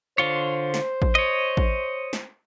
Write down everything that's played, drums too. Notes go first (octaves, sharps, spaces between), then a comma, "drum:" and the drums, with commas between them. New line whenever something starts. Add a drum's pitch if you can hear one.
D3 F4 C5 C#5
drum: snare
drum: kick A1
C#5 D#5
drum: kick A1
drum: snare